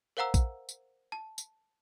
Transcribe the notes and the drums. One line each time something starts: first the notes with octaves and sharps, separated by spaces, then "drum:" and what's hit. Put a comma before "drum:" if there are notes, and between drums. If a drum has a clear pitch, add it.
A#4 C5 F5 F#5 A#5 E6
drum: kick A#1, tambourine
drum: tambourine
A5
drum: tambourine